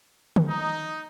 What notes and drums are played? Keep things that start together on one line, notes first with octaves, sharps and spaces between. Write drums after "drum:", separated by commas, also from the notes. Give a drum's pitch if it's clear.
drum: tom
D#4